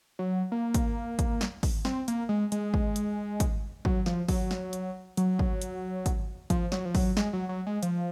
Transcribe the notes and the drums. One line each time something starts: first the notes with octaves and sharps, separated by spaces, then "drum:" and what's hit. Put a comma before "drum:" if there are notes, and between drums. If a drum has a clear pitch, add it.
F#3
A#3
drum: kick, hi-hat
drum: kick, hi-hat
drum: snare
drum: kick, open hi-hat
C4, drum: snare
A#3, drum: hi-hat
G#3
G#3, drum: hi-hat
drum: kick
drum: hi-hat
drum: kick, hi-hat
F#3, drum: kick
F3, drum: snare
F#3, drum: kick, open hi-hat
drum: snare
drum: hi-hat
F#3, drum: hi-hat
drum: kick
drum: hi-hat
drum: kick, hi-hat
F3, drum: kick, hi-hat
F#3, drum: snare
F3
F#3, drum: kick, open hi-hat
G#3, drum: snare
F#3
F#3
G#3
F3, drum: hi-hat